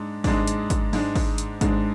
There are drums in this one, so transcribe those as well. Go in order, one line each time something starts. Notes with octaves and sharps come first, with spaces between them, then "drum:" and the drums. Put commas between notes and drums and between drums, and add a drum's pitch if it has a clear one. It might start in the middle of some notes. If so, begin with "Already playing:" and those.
Already playing: G#2 G#3 D4
G#2 G#3 D4, drum: kick, open hi-hat
drum: hi-hat
drum: kick, hi-hat
G#2 G#3 D4, drum: open hi-hat
drum: kick, open hi-hat
drum: hi-hat
G#2 G#3 D4, drum: kick, hi-hat